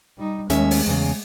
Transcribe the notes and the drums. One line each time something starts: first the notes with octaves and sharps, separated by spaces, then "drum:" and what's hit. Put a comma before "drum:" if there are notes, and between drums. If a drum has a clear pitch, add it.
G3 D#4
D#2 G#3 A3 C#4 E5, drum: hi-hat
drum: open hi-hat
E2 C#3